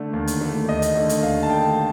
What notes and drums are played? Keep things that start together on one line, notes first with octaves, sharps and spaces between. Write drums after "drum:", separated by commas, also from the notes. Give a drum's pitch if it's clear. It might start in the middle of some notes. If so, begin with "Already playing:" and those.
Already playing: D3 A3
D#2
drum: hi-hat
D3 A3
D#2 D#5
drum: hi-hat
D3 A3
drum: hi-hat
D#2 F5
A5
D3 A3 G5